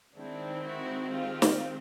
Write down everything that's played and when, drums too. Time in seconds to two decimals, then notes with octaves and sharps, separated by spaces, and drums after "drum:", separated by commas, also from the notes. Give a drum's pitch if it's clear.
0.17 D#3 G#3 C4 D4 E4
0.65 E4 F#4
1.12 F4 G4
1.42 drum: snare